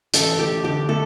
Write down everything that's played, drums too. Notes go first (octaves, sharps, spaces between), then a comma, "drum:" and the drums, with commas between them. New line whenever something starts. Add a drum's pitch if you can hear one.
A1 A4, drum: hi-hat
A3 G4
D3 G4
A3 A4